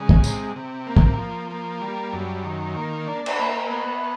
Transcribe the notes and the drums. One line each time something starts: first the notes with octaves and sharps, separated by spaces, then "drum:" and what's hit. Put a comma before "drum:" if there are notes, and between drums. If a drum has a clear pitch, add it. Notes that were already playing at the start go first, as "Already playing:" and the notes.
Already playing: C#3 G#3
drum: kick
C3, drum: tambourine
C3
A#3
drum: kick
F3
A#3
G3
F#2
D#3
A#3
D4
drum: cymbal
A#3
B3